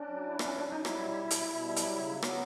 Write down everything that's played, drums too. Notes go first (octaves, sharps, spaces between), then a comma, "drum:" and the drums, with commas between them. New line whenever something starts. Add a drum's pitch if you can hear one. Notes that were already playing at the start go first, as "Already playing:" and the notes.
Already playing: C#4 D4
F#3
E4
F#3, drum: rim click
C#4
F#3 D4
F#3 D#4
G3 E4, drum: rim click
B2
B2
B2, drum: hi-hat
B2
G3
F#3, drum: hi-hat
C#3
F#3
B3, drum: rim click